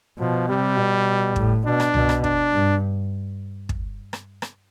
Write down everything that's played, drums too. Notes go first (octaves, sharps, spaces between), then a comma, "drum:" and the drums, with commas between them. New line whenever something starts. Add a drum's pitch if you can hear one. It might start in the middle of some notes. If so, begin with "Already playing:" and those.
B2 F3
C3 G3
B2
A2, drum: kick
B2 D4
drum: rim click
B2, drum: tom C2
drum: rim click
D4, drum: kick
G2
drum: kick
drum: rim click
drum: rim click